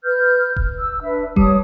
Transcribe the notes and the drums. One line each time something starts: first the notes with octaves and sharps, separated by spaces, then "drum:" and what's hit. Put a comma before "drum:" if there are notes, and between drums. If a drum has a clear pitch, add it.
B4 F6 G6
drum: kick D#1
E6
D4 B4 E5
G3 C#5 A5 D#6, drum: kick D#1